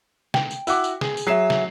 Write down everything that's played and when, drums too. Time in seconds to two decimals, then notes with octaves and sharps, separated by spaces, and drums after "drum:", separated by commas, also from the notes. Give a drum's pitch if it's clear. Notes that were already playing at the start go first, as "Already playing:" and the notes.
0.34 G5, drum: snare
0.51 drum: tambourine
0.67 E4 F#4 D6, drum: tambourine
0.84 drum: tambourine
1.01 G#4, drum: snare
1.17 drum: tambourine
1.27 F#3 G#4 E5 C7 E7
1.50 drum: snare